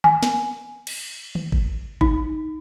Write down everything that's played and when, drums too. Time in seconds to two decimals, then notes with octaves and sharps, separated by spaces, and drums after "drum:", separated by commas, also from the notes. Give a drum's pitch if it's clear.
0.04 G#5, drum: tom
0.23 drum: snare
0.87 drum: cymbal
1.35 drum: tom
1.52 drum: kick G#1
2.01 D#4, drum: kick G#1